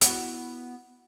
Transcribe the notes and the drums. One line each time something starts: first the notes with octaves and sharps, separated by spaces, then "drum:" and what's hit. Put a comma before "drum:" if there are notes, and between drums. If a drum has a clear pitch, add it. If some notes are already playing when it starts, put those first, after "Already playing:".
B3 E4 F#4, drum: hi-hat